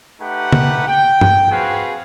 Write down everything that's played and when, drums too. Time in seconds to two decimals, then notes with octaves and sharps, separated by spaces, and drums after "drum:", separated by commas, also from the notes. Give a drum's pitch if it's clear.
0.21 A3 D#4 G4 B4 F#5
0.52 drum: tom
0.88 G5
1.21 drum: tom
1.52 C4 F#4 G#4 B4 F5